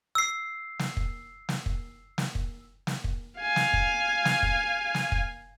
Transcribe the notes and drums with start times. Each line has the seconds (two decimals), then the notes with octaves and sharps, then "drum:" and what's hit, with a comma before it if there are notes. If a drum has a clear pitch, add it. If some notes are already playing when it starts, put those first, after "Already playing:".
0.15 E6 C7
0.79 drum: snare
0.97 drum: kick
1.49 drum: snare
1.66 drum: kick
2.18 drum: snare
2.35 drum: kick
2.87 drum: snare
3.04 drum: kick
3.39 F5 G#5
3.56 drum: snare
3.73 drum: kick
4.25 drum: snare
4.43 drum: kick
4.95 drum: snare
5.12 drum: kick